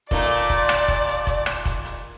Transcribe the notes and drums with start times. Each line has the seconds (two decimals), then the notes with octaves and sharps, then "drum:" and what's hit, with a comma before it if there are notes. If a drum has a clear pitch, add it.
0.11 A#2 A3 D#4 D5, drum: kick F1
0.30 drum: hi-hat
0.50 drum: kick F1, hi-hat
0.69 drum: rim click
0.88 drum: kick F1, hi-hat
1.07 drum: hi-hat
1.27 drum: kick F1, hi-hat
1.46 drum: rim click
1.65 drum: kick F1, hi-hat
1.85 drum: hi-hat